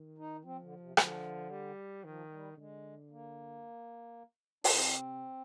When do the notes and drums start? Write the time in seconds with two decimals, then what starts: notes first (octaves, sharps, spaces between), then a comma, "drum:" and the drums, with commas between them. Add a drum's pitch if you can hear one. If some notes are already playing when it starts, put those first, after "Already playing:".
Already playing: D#3
0.18 D#4
0.44 F3 C4
0.62 D3
0.80 C3
0.97 D3 F3, drum: rim click
1.50 G3
2.04 D#3 F3
2.30 G3
2.57 D3 G#3
3.11 A#3
4.64 D4, drum: open hi-hat
4.70 C3 C4